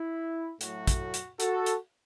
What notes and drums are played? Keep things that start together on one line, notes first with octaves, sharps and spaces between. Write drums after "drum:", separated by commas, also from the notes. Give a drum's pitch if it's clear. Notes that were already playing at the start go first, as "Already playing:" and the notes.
Already playing: E4
A2 F#3 A3 F#4, drum: hi-hat
drum: kick, hi-hat
drum: hi-hat
F#4 A4, drum: hi-hat
drum: hi-hat